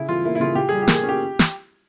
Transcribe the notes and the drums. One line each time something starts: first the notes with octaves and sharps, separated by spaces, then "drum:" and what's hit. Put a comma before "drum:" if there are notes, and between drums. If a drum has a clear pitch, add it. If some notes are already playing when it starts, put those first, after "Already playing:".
Already playing: C#3 E4
E3 F4
A#3 E4
E4
C#3 F4
C#3 G4
G3 G#4
G4
A#3, drum: snare
G#4
C#4
G4
drum: snare